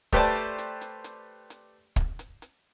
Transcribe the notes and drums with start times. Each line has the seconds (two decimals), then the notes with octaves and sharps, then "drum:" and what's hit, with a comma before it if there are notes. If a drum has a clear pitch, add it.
0.13 A3 G4 B4 C5 D5 A5, drum: kick, hi-hat
0.35 drum: hi-hat
0.58 drum: hi-hat
0.81 drum: hi-hat
1.04 drum: hi-hat
1.50 drum: hi-hat
1.96 drum: kick, hi-hat
2.19 drum: hi-hat
2.42 drum: hi-hat